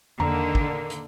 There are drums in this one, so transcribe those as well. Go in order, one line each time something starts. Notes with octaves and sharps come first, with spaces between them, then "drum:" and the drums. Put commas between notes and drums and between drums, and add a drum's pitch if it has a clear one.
D3 D#3 A#3 A#5, drum: tom E2
drum: kick
drum: hi-hat